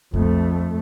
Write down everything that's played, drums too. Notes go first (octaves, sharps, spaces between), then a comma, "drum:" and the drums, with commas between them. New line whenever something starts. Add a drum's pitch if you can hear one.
F2 A3, drum: kick